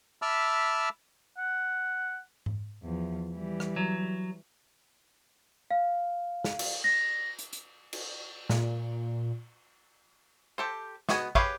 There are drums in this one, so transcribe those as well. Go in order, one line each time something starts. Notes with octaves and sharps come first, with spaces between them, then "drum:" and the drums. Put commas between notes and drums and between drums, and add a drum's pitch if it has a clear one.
E5 A5 B5 D6 E6 F6
F#5
drum: tom G#2
E2 F3
E3 G3
drum: rim click
F#3
F5
drum: snare
drum: cymbal
A#6
drum: hi-hat
drum: hi-hat
drum: cymbal
A#2, drum: snare
G4 A4 C5
B3 F#4 D#5 G#5, drum: snare
G4 G#4 B4 C#5 F5, drum: kick A1